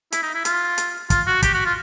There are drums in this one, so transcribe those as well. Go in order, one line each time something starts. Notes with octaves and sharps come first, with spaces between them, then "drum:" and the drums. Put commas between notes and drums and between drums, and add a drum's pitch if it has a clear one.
E4, drum: hi-hat
D#4
E4
F4, drum: hi-hat
drum: hi-hat
F4, drum: kick, hi-hat
F#4
G4, drum: kick, hi-hat
F#4
F4